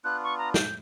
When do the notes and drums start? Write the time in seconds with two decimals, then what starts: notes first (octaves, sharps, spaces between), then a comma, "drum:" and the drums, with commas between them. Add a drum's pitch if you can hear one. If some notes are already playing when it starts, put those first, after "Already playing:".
0.04 B3 D4 F4 F#6
0.24 C#6
0.38 A#5
0.54 G6, drum: snare